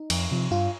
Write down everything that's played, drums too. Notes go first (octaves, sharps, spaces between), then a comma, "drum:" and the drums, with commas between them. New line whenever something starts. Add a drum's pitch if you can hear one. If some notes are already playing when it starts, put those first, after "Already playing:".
Already playing: D#4
F2, drum: cymbal
C3 F3
G2 F4